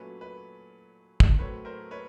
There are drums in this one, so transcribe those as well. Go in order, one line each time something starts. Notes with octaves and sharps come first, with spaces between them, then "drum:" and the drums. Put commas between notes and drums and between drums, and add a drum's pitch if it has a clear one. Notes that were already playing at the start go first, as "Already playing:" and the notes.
Already playing: A#2 F#3 A3 C#4 B4
B4
drum: kick
A2 F#3 A3 C4 B4 C#5
A#4 C5
B4 C#5